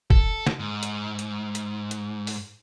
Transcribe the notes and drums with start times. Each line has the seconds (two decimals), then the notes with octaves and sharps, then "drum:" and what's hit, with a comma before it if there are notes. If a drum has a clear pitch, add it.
0.10 A4, drum: kick G1
0.47 drum: snare
0.59 G#2
0.83 drum: hi-hat
1.19 drum: hi-hat
1.55 drum: hi-hat
1.91 drum: hi-hat
2.27 drum: open hi-hat